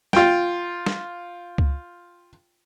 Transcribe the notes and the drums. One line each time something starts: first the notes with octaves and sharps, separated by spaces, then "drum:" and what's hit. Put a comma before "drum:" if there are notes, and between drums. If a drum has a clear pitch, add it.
F4 G5, drum: snare
drum: snare
drum: kick C#2